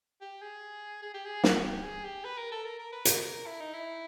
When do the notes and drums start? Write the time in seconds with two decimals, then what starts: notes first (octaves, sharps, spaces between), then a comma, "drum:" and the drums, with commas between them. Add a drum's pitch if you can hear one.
0.21 G4
0.42 G#4
1.02 G#4
1.14 G4
1.25 G#4
1.44 F#4, drum: snare
1.64 G4
1.84 G#4
2.04 G4
2.25 B4
2.38 A#4
2.52 A4
2.65 A#4
2.79 A#4
2.92 B4
3.05 A#4, drum: hi-hat
3.46 E4
3.60 D#4
3.74 E4